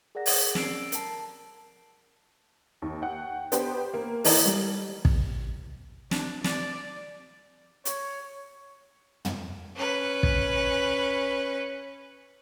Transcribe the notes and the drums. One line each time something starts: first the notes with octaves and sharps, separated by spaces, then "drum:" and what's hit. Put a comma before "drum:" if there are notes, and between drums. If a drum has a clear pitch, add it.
G#4 A#4 D5 F#5 A#6
drum: open hi-hat
C#4 E6 C7 D7, drum: snare
A#4 A5, drum: hi-hat
D#2
F#5 G5
B3 D4 G4 B4 C5 G5, drum: hi-hat
A#3
E3 D#4 A4 A#4 D5, drum: open hi-hat
G3
drum: kick
D4, drum: snare
D5, drum: snare
C#5, drum: hi-hat
drum: tom
C#4 B4
drum: kick